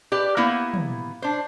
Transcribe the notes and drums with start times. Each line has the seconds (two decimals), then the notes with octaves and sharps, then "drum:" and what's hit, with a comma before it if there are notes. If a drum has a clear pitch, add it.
0.12 G4 B4 D5
0.37 A#3 B3 E4 G4
0.74 drum: tom
1.22 D4 C5